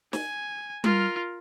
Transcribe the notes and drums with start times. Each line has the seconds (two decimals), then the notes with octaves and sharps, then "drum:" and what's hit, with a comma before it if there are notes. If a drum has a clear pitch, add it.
0.13 G#5, drum: snare
0.84 F4 A#4, drum: tom G3